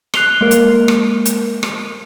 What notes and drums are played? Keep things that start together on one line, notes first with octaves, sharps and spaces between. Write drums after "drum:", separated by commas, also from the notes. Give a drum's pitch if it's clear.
F#6 C7 F7 G7, drum: rim click
G#3 A#3 A#4
drum: hi-hat
drum: rim click
drum: hi-hat
drum: rim click